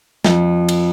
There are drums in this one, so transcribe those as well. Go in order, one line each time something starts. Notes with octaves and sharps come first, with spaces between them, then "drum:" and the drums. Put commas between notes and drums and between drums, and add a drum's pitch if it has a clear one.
F2, drum: snare
drum: cymbal